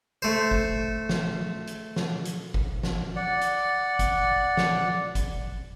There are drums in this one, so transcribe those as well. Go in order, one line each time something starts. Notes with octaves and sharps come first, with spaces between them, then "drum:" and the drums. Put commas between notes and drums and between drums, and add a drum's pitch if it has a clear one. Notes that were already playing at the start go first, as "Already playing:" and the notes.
A3 C5
drum: kick
drum: snare
drum: hi-hat
drum: snare
drum: hi-hat
drum: kick
drum: snare
D5 F#5
drum: hi-hat
drum: kick, hi-hat
drum: snare
drum: kick, hi-hat